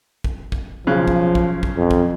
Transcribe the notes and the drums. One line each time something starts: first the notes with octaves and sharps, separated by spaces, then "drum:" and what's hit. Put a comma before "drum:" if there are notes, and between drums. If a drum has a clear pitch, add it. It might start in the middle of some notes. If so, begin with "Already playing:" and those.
drum: kick
drum: kick
B1 C#3 F3 F#6
drum: kick
drum: kick
drum: kick
F2
drum: kick